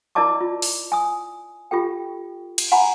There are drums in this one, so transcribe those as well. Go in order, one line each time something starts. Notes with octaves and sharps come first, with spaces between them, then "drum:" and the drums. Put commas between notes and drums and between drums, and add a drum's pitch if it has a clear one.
E4 A#4 D5 D#5 A5 D6
F4
drum: open hi-hat
G#5 D#6
F4 G4 A4 G5
drum: cymbal
F#5 G#5 A#5 B5